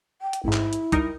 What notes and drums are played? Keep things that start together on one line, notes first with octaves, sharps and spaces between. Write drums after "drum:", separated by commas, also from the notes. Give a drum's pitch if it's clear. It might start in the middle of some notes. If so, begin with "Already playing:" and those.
G5
drum: hi-hat
A1 G#2 E4
drum: clap
drum: hi-hat
G3 D#4 A#4, drum: kick C2, hi-hat